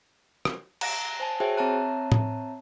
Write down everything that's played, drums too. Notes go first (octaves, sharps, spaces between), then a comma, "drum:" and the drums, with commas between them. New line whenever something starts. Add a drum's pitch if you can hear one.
drum: rim click
A#5 F#6 A#6 D7, drum: cymbal
C5 G#5 A5
F#4 G#4 C5 C#5 E5 G5
C4 C#5 E5 A5 A#5 F#6
drum: tom A2